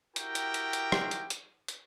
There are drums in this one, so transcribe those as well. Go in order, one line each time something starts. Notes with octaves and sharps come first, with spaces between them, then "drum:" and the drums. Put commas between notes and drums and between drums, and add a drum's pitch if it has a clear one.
E4 F#4 G4 A#4 G5, drum: hi-hat
drum: hi-hat
drum: hi-hat
drum: hi-hat
drum: rim click
drum: hi-hat
drum: hi-hat
drum: hi-hat